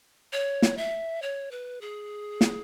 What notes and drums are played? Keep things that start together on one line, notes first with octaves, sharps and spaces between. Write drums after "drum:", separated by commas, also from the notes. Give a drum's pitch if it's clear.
C#5
drum: snare
E5
C#5
B4
G#4
drum: snare